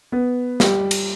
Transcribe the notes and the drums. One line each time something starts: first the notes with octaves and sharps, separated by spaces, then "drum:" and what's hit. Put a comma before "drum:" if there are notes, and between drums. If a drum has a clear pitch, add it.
B3
G3, drum: snare
drum: cymbal